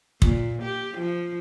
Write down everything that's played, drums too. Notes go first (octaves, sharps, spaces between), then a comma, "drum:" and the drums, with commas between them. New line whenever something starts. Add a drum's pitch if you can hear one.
A#2, drum: kick
G4
F3